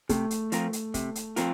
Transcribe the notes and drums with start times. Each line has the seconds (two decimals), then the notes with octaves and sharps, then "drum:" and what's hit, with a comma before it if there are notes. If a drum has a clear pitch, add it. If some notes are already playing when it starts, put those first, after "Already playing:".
0.09 C3 A3, drum: kick, hi-hat
0.31 drum: hi-hat
0.52 F3 C4 F4 A#4, drum: hi-hat
0.73 drum: hi-hat
0.94 C3, drum: kick, hi-hat
1.15 drum: hi-hat
1.36 F3 C4 F4 A#4, drum: hi-hat